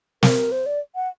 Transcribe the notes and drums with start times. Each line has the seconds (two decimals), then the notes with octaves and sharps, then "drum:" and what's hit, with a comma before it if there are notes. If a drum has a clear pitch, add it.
0.23 A#4, drum: snare
0.52 C5
0.66 D5
0.95 F#5